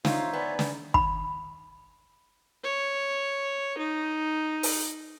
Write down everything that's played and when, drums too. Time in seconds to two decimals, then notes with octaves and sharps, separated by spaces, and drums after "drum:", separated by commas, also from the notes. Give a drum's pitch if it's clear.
0.05 D#4 F4 C5 C#5 E5, drum: snare
0.33 B3 B4 D5 G#5
0.59 drum: snare
0.94 B5, drum: kick
2.64 C#5
3.78 D#4
4.63 drum: open hi-hat